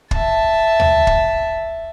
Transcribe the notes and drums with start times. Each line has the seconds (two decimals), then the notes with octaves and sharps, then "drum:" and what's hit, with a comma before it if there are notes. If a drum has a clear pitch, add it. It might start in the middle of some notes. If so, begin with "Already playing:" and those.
0.11 E5 A5, drum: kick
0.80 drum: tom
1.07 drum: kick